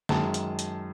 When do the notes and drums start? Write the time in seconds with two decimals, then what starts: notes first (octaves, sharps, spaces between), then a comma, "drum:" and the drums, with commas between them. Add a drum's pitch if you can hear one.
0.09 F#2 D#3 G#3 A5, drum: snare
0.34 drum: hi-hat
0.59 drum: hi-hat